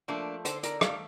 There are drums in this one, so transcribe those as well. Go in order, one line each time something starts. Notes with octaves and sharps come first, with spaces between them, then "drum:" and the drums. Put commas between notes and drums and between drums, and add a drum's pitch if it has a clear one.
F3 A3 A#3 D4
D3 A4 C5, drum: hi-hat
A#4 D5, drum: hi-hat
A3 D5 F5, drum: rim click